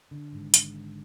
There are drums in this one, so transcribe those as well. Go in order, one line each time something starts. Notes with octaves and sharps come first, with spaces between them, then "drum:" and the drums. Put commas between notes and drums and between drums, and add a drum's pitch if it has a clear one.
D3
G#1 G#2
drum: hi-hat